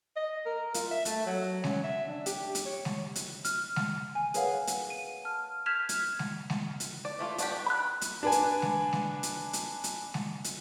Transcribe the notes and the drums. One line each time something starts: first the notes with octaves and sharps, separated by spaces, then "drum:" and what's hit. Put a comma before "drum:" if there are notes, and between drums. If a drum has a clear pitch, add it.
D#5
A#4
F4, drum: hi-hat
E5
A3, drum: hi-hat
F#3
C#4, drum: snare G#3
E5
D4
G4, drum: hi-hat
drum: hi-hat
C#5
drum: snare G#3
drum: hi-hat
F6, drum: hi-hat
drum: snare G#3
G#5
G#4 A#4 B4 C#5 F5 F#5, drum: hi-hat
drum: hi-hat
D#7
A5 F6
F6 G6 G#6 B6 E7 F7
drum: hi-hat
drum: snare G#3
drum: snare G#3
drum: hi-hat
D5
E3 A3 F4
D4 F#4 G4, drum: hi-hat
B3
B5 F#6
drum: hi-hat
D4 B4 G#5
drum: hi-hat
drum: snare G#3
drum: snare G#3
drum: hi-hat
drum: hi-hat
drum: hi-hat
drum: snare G#3
drum: hi-hat